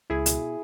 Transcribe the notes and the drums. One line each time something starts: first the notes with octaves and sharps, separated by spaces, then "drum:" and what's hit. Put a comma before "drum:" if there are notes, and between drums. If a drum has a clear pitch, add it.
C#2 E4 G#4
B2, drum: hi-hat